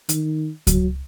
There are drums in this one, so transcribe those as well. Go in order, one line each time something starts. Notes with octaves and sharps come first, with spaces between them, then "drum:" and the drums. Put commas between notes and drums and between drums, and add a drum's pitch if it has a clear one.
D#3, drum: hi-hat
F#3, drum: kick C#2, hi-hat